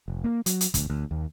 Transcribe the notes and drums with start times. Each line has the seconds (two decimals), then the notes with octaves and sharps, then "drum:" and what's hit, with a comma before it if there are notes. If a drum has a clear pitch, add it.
0.08 F1
0.24 A#3
0.46 F#3, drum: hi-hat
0.61 drum: hi-hat
0.74 D2, drum: kick, hi-hat
0.90 D2
1.11 D#2